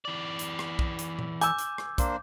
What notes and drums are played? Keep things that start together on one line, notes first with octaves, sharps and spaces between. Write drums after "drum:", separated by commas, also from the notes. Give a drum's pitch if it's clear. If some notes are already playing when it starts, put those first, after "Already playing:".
E3 D5
drum: hi-hat
drum: rim click
drum: kick
drum: hi-hat
drum: tom A#2
G#5 D6 E6 G6, drum: hi-hat
drum: hi-hat
drum: rim click
A#3 D4 C5, drum: kick, hi-hat